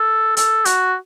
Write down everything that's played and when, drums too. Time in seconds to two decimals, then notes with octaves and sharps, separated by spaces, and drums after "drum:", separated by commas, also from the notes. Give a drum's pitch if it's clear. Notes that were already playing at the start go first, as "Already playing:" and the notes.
Already playing: A4
0.37 A4, drum: hi-hat
0.65 F#4, drum: hi-hat